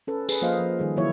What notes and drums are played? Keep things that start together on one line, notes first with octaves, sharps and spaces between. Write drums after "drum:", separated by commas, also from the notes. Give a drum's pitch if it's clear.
C#4 A4 B4
G#4 B4, drum: tambourine
F3 A#3 F4 C5 D#5 F5
F3
D#3 G3 G#4
D3 E3 F#3 A#3 E4 C#5